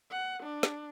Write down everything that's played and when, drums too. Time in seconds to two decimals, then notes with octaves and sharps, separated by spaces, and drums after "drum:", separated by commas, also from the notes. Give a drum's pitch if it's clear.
0.11 F#5
0.43 D4
0.63 drum: snare